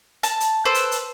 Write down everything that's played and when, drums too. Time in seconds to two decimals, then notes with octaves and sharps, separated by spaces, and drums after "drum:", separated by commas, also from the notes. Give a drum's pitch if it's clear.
0.23 A5, drum: hi-hat
0.40 drum: hi-hat
0.65 A4 B4 C5 D6
0.74 drum: hi-hat
0.92 drum: hi-hat